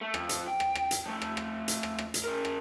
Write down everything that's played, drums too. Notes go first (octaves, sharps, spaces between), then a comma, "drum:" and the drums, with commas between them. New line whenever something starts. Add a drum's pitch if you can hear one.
A3
F2, drum: rim click
drum: hi-hat
G5
drum: rim click
drum: rim click
drum: hi-hat
F3 A3
drum: rim click
drum: rim click
drum: hi-hat
drum: rim click
drum: rim click
drum: hi-hat
C#3 A#4
drum: rim click